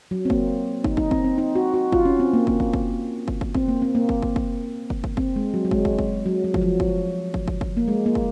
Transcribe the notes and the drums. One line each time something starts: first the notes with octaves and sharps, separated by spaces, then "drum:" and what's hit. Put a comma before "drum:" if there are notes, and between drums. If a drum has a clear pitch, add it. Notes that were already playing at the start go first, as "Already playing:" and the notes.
F#3
C4
A#3, drum: kick
D#4, drum: kick
D#4, drum: kick
C4, drum: kick
C4
D#4
F#4
F#4
F4, drum: kick
C#4
C4
A#3
A#3, drum: kick
drum: kick
drum: kick
drum: kick
drum: kick
C4, drum: kick
A#3
C4
A#3
drum: kick
drum: kick
drum: kick
drum: kick
drum: kick
C4, drum: kick
G#3
F#3
F#3
G#3, drum: kick
drum: kick
drum: kick
F#3
F#3
F3, drum: kick
F#3
drum: kick
drum: kick
drum: kick
drum: kick
A#3
G#3
A#3
drum: kick